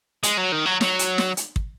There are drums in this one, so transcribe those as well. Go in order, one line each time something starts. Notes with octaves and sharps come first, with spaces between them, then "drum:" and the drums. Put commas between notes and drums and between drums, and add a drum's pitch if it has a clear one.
G#3, drum: hi-hat
F#3
D#3
F#3
F#3, drum: snare
drum: hi-hat
drum: snare
drum: hi-hat
drum: kick